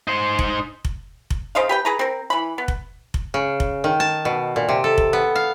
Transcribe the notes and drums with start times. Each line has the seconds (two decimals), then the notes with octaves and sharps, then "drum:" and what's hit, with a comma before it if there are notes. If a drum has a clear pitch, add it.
0.07 D#4 C5
0.39 drum: kick F1
0.85 drum: kick F1
1.30 drum: kick F1
1.55 C#3 C5 D#5 F5
1.69 G4 B4 G5
1.85 G#4 B4 A#5
1.99 C4 A#4
2.30 E3 B5
2.58 B3
2.68 drum: kick F1
3.14 drum: kick F1
3.34 C#3
3.60 drum: kick F1
3.84 D#3
4.00 A5
4.25 B2
4.56 A#2
4.69 C3
4.84 A4
4.98 drum: kick F1
5.13 B3
5.36 F5